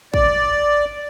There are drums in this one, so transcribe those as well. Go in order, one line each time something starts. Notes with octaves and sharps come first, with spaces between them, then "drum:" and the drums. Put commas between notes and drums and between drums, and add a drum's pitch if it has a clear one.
D5, drum: kick